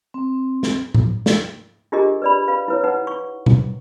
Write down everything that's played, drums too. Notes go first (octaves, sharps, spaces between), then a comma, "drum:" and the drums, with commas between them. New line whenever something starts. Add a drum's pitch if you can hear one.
C4
drum: snare
drum: tom A2
drum: snare
D4 F4 G4 G#4 A#4 D#5
B4 D5 B5
B4 F5 B5
E4 B4 C#5
D#4 B4 F#5
C#6
drum: tom B2